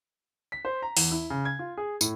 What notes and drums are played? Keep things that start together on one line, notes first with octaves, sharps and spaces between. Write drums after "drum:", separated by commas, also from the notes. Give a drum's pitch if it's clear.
B6
C5
A#5
E2, drum: open hi-hat
E4
C#3
G#6
F4
G#4
A2, drum: tambourine